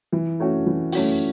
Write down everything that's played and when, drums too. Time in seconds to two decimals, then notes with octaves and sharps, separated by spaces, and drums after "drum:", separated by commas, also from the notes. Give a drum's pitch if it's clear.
0.12 E3
0.40 A3 C#4 F#4
0.66 E3
0.92 A3 C#4 F#4, drum: open hi-hat